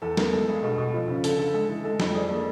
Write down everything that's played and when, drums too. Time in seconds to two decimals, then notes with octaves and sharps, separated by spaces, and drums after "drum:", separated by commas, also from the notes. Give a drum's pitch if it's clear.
0.02 E2 A4
0.17 B3 A#4, drum: snare
0.33 G#3 A4
0.47 G2 G#4
0.63 B2 A4
0.78 B2
0.94 F3
1.08 C#3
1.24 D3 A4, drum: hi-hat
1.39 D3 A4
1.54 G#3 A4
1.69 E3 A4
1.84 G#3 A4
2.00 F2 A4, drum: snare
2.15 D4 G#4
2.30 A#3 A4